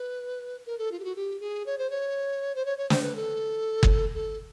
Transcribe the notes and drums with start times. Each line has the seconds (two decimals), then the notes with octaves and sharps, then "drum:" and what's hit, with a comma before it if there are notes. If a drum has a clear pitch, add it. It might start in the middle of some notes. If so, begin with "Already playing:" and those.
Already playing: B4
0.66 A#4
0.78 A4
0.92 F4
1.00 G4
1.04 F#4
1.16 G4
1.40 G#4
1.66 C#5
1.78 C5
1.90 C#5
2.55 C5
2.65 C#5
2.78 C#5
2.90 C5, drum: snare
3.02 B4
3.16 A4
3.83 drum: kick
4.15 A4